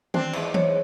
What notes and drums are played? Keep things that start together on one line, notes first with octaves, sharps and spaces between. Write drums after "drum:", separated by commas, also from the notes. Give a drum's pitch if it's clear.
C4 D4, drum: tom D#3
E2 G#2, drum: cymbal
C#5, drum: tom E3